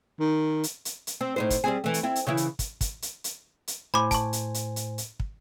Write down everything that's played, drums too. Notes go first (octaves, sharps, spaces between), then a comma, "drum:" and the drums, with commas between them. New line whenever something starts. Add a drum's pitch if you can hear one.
D#3
drum: hi-hat
drum: hi-hat
drum: hi-hat
C4
A2 D#4 C5
drum: kick, hi-hat
G3 C4 G#4
E3 A3
drum: hi-hat
C4 E4
drum: hi-hat
C#3 E3 E4
drum: hi-hat
drum: kick, hi-hat
drum: kick, hi-hat
drum: hi-hat
drum: hi-hat
drum: hi-hat
A2 C5 G#5 B5 D6
A5 C#6, drum: kick, hi-hat
drum: hi-hat
drum: hi-hat
drum: hi-hat
drum: hi-hat
drum: kick